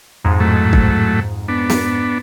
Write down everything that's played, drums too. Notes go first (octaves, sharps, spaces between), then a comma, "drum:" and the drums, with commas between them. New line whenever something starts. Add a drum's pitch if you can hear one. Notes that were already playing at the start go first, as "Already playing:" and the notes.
F2 G#2
A2 F#3 A3
drum: kick
B3 D4
drum: snare